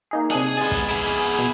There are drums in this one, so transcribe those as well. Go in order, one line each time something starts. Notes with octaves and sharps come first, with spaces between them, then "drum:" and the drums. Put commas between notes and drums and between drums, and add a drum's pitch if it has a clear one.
A#3 D#4 G#4
C3 D4 G#4
G#3 B3 G#5 A6
drum: kick, hi-hat
E4 G#4, drum: hi-hat
drum: hi-hat
drum: hi-hat
B2